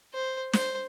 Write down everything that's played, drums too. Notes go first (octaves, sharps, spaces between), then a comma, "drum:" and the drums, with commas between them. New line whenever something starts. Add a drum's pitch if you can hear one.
C5
C5, drum: snare